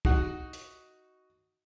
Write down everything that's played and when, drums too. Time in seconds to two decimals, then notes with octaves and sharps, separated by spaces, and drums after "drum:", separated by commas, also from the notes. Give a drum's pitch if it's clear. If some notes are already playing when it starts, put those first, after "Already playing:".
0.05 D#4 F#4 F#5, drum: kick
0.53 drum: hi-hat